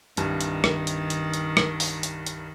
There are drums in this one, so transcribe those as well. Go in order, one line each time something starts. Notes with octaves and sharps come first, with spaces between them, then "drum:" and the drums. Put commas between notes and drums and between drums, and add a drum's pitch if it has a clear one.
C2 G2 D#3, drum: hi-hat
drum: hi-hat
drum: rim click
drum: hi-hat
drum: hi-hat
drum: hi-hat
drum: rim click
drum: open hi-hat
drum: hi-hat
drum: hi-hat